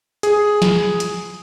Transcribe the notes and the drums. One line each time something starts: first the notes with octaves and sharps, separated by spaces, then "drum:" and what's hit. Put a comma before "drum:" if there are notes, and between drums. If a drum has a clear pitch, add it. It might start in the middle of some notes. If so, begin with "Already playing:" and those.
G#4, drum: hi-hat
drum: snare
drum: hi-hat